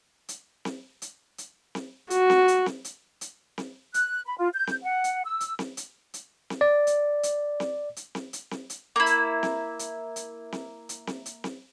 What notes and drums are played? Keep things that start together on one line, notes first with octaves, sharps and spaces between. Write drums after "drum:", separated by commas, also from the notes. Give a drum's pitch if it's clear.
drum: hi-hat
drum: snare C4
drum: hi-hat
drum: hi-hat
drum: snare C4
F#4, drum: hi-hat
drum: snare C4
drum: hi-hat
drum: snare C4
drum: hi-hat
drum: hi-hat
drum: snare C4
F#6, drum: hi-hat
B5
F4
G6
drum: snare C4
F#5
drum: hi-hat
E6
drum: hi-hat
drum: snare C4
drum: hi-hat
drum: hi-hat
drum: snare C4
D5
drum: hi-hat
drum: hi-hat
drum: snare C4
drum: hi-hat
drum: snare C4
drum: hi-hat
drum: snare C4
drum: hi-hat
A#3 E4
drum: hi-hat
drum: snare C4
drum: hi-hat
drum: hi-hat
drum: snare C4
drum: hi-hat
drum: snare C4
drum: hi-hat
drum: snare C4